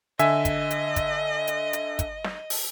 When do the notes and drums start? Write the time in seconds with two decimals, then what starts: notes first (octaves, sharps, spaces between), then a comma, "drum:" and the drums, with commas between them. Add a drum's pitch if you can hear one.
0.19 D3 D#5 E5 G#5, drum: hi-hat
0.45 drum: kick, hi-hat
0.71 drum: hi-hat
0.96 drum: kick, hi-hat
1.47 drum: hi-hat
1.73 drum: hi-hat
1.99 drum: kick, hi-hat
2.24 drum: snare
2.50 drum: open hi-hat